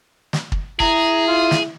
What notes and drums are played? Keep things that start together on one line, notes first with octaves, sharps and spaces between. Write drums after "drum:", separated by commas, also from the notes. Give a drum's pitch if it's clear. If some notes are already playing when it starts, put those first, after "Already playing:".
drum: snare
drum: kick
E4 G#4 A#5, drum: kick
F4
drum: snare